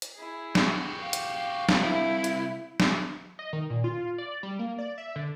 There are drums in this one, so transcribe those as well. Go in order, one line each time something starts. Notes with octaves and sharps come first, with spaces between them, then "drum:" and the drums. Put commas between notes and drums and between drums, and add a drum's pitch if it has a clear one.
drum: hi-hat
E4 G#4
F#4 G4, drum: snare
F5 G5
drum: hi-hat
drum: snare
C2 E4
drum: hi-hat
drum: snare
D#5
D#3
A#2
F4
D5
G3
A#3
D5
E5
D3